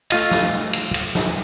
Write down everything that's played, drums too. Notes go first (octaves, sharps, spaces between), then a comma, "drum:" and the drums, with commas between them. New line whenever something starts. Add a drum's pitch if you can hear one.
A3 F4 D#5, drum: cymbal
drum: snare
drum: cymbal
drum: cymbal
drum: snare